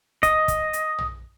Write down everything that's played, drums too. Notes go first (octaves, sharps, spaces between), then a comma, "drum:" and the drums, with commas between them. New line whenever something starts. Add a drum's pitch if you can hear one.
D#5, drum: kick, hi-hat
drum: kick, hi-hat
drum: hi-hat
drum: tom